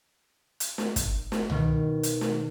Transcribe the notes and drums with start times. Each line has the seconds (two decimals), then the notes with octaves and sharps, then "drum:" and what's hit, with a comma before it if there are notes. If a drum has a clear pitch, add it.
0.60 drum: hi-hat
0.78 drum: snare
0.96 drum: kick, hi-hat
1.32 drum: snare
1.50 B2 D#3, drum: tom
2.03 drum: hi-hat
2.21 drum: snare